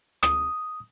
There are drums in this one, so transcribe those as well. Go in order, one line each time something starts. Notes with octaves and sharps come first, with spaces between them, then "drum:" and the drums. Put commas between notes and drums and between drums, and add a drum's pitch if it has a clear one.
D#6, drum: rim click